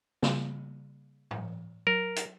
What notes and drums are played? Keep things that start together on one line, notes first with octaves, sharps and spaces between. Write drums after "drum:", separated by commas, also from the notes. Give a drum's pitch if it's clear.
C#3 G3 A#3, drum: snare
drum: tom A2
F#3 A#4
drum: hi-hat